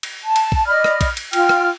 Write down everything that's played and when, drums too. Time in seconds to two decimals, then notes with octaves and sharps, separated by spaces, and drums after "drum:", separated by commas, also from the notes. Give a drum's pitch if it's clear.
0.03 drum: cymbal
0.24 A5
0.36 drum: cymbal
0.52 drum: kick
0.66 D5 D#5 B5 F6
0.84 drum: rim click
1.01 drum: kick, cymbal
1.17 drum: cymbal
1.33 F4 G5 F6, drum: cymbal
1.49 drum: rim click